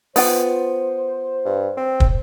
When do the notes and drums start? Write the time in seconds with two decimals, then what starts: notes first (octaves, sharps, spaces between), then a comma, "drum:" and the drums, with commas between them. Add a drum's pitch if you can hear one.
0.16 B3 F4 C5 G5, drum: open hi-hat
1.45 G2
1.77 C4
2.00 drum: kick